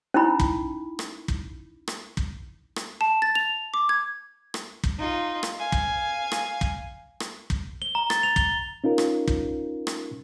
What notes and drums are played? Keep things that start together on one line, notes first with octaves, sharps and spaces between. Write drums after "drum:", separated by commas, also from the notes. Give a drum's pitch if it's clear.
C#4 D#4 E4 B5
drum: kick
drum: rim click
drum: kick
drum: rim click
drum: kick
drum: rim click
A5
A6
F7
D6
G#6
drum: rim click
drum: kick
D#4 F4
drum: rim click
F5 G#5
drum: kick
drum: rim click
drum: kick
drum: rim click
drum: kick
G7
A#5
A6, drum: rim click
F7
G7, drum: kick
C#4 D#4 F4 A#4
drum: rim click
drum: kick
drum: rim click